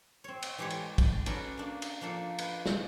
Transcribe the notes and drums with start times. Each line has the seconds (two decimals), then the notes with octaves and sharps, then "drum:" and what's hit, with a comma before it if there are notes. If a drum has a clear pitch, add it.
0.24 C4 C#5
0.42 drum: cymbal
0.58 E3 G#3 G4 A4 C#5
0.70 drum: cymbal
0.98 drum: kick, cymbal
1.26 C#4 D#4 F#4 A4 B4 D5, drum: cymbal
1.57 A#3 D4
1.82 drum: cymbal
2.01 F3 A#3 D4 A4
2.38 B4, drum: cymbal
2.66 drum: snare